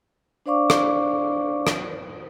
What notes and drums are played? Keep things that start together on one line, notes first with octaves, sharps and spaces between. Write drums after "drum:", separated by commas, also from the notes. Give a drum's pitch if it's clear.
D4 C5 D5 F5 C#6 D6
drum: rim click
drum: rim click